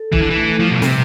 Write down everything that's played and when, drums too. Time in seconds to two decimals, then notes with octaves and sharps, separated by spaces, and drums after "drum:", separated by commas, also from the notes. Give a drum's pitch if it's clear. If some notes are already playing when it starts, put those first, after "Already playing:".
Already playing: A4
0.13 E3 E4, drum: kick
0.22 D3
0.30 E3
0.36 A3
0.59 F3 G3
0.71 B2
0.82 C3, drum: snare